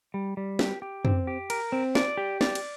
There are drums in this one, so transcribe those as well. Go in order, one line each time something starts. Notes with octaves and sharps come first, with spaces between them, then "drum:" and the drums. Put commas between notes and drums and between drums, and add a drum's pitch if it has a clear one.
G3
G3
G4, drum: snare
G4
C4, drum: tom
G4
A#4, drum: cymbal
C4
D5, drum: snare
G4
D5, drum: snare
drum: cymbal